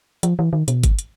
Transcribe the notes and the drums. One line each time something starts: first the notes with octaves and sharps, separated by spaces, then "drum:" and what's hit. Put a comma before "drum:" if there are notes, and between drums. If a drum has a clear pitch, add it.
F3, drum: hi-hat
E3
D#3
B2, drum: hi-hat
drum: kick G1, hi-hat
drum: hi-hat